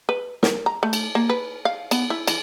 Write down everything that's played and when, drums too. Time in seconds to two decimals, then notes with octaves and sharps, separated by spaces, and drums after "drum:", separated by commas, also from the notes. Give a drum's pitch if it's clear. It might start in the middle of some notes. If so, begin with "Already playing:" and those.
0.09 B4
0.43 A#4, drum: snare
0.66 A#5
0.83 A3
0.93 drum: cymbal
1.15 A#3
1.29 B4
1.65 F5
1.91 B3, drum: cymbal
2.10 E4
2.28 E3, drum: cymbal